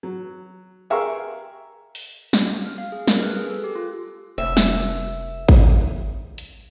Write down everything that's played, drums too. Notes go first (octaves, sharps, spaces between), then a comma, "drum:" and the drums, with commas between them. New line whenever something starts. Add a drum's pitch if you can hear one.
F#3
G4 G#4 A#4 E5 F5 C#6
drum: open hi-hat
drum: snare
F6
F5
G#4
A#4, drum: snare
B4, drum: tambourine
G#4
A4
G4
F4
F1 E5
drum: snare
drum: kick
drum: hi-hat